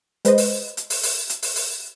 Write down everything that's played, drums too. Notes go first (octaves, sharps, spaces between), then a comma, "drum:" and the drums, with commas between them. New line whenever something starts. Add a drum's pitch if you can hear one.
G#3 B4 C5 D#5, drum: hi-hat
drum: open hi-hat
drum: hi-hat
drum: open hi-hat
drum: open hi-hat
drum: hi-hat
drum: open hi-hat
drum: open hi-hat